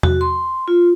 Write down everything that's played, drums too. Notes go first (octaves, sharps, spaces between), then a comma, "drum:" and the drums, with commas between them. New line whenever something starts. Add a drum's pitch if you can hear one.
F#4, drum: tom E2
C6
F4